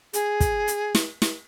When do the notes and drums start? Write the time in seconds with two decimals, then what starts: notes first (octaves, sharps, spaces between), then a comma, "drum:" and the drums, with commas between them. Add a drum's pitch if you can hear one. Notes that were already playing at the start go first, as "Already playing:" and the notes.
0.13 G#4, drum: hi-hat
0.40 drum: kick, hi-hat
0.68 drum: hi-hat
0.95 drum: snare
1.22 drum: snare